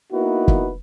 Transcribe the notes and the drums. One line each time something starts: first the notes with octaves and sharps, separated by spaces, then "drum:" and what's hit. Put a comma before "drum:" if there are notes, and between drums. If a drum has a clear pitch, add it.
A#3 B3 D#4 E4 F#4 B4
drum: kick